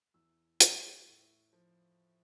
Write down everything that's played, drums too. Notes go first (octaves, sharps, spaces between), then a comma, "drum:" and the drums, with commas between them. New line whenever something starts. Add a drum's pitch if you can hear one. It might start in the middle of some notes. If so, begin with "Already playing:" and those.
E2 E6
E3 G3 E6, drum: hi-hat
A2
F3